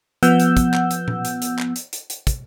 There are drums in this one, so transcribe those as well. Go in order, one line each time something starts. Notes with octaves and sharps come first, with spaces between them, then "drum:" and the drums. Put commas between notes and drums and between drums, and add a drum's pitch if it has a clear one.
F3 B3 F#5 E6 G6, drum: hi-hat
drum: hi-hat
drum: kick, hi-hat
drum: clap
drum: hi-hat
drum: tom A#2
drum: hi-hat
drum: hi-hat
drum: clap
drum: hi-hat
drum: hi-hat
drum: hi-hat
drum: kick, hi-hat